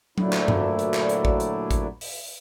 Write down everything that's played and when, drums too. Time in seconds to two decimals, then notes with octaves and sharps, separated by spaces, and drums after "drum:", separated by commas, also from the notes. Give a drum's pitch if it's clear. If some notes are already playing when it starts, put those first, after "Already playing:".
0.18 D2 A#2 F#3 A3 D4 E4, drum: tom F#3
0.33 drum: clap
0.48 drum: tom G2
0.79 drum: hi-hat
0.94 drum: clap
1.09 drum: hi-hat
1.25 drum: kick
1.40 drum: hi-hat
1.71 drum: kick, hi-hat
2.01 drum: open hi-hat